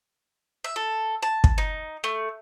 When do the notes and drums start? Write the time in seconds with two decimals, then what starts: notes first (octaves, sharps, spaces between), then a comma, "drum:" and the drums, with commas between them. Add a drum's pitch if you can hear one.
0.64 E5
0.76 A4
1.23 A5
1.44 drum: kick
1.58 D#4
2.04 A3